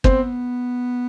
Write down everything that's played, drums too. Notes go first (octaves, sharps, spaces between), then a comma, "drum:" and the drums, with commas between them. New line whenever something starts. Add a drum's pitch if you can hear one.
B3 C4 C5, drum: kick